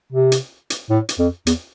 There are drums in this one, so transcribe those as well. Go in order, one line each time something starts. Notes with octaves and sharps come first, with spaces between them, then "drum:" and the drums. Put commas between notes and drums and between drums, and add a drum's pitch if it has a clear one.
C3
drum: hi-hat
drum: hi-hat
A2
drum: hi-hat
F2
E2, drum: hi-hat